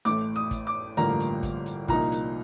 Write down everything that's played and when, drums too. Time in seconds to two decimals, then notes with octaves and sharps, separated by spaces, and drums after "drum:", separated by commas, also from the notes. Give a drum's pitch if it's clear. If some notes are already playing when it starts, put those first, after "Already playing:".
0.05 A1 A2 A3 D6, drum: hi-hat
0.36 D#6
0.51 drum: kick, hi-hat
0.67 D6
0.97 A1 G2 D3 F3 A#3 A#5, drum: hi-hat
1.20 drum: hi-hat
1.43 drum: kick, hi-hat
1.66 drum: hi-hat
1.88 C2 A#2 F3 A#3 D#4 A#5, drum: kick, hi-hat
2.12 drum: hi-hat